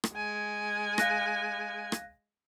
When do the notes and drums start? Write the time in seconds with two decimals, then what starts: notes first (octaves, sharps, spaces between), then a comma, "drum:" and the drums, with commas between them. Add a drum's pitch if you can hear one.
0.04 drum: rim click
0.14 G#3 G#5
0.98 F5 F#6 A#6, drum: rim click
1.92 drum: rim click